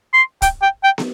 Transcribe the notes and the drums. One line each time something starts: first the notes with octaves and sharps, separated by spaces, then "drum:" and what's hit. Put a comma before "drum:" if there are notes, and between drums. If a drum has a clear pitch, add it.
C6
G5, drum: kick, hi-hat
G5
G5
drum: snare